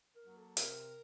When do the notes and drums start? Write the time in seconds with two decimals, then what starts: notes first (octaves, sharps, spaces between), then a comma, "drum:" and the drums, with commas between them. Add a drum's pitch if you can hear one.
0.13 A#4
0.24 F#3 A#3
0.35 A4
0.57 C3 A#4, drum: hi-hat